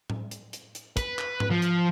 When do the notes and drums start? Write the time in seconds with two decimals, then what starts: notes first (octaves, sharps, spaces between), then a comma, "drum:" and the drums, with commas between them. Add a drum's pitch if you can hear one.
0.10 drum: tom A2
0.31 drum: hi-hat
0.53 drum: hi-hat
0.75 drum: hi-hat
0.97 B4, drum: kick, hi-hat
1.19 drum: clap
1.40 drum: tom G#2
1.51 F3
1.62 drum: hi-hat